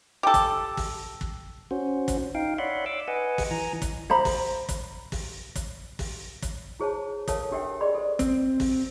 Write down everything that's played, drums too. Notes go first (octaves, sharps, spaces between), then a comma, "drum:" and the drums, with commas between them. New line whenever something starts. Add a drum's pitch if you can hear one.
G4 A4
drum: kick, hi-hat
drum: kick, open hi-hat
drum: kick
C#4 F#4 C5
drum: kick, hi-hat
D#4 F5 G5
C#5 D5 E5 F#5 B5 C6
D6 E6
B4 D#5 F#5 G#5
drum: kick, open hi-hat
E3 G#5 A#5
drum: kick, hi-hat
C5 A#5 B5
drum: kick, open hi-hat
drum: kick, hi-hat
drum: kick, open hi-hat
drum: kick, hi-hat
drum: kick, open hi-hat
drum: kick, hi-hat
E4 G#4 C5 C#5 A5
A4 A#4 C#5 F5 A5, drum: kick, hi-hat
D4 G4 A#4 E5 F#5 G5
G#4 D5 D#5 B5 C6
A4 C5
C4, drum: kick, hi-hat
drum: kick, open hi-hat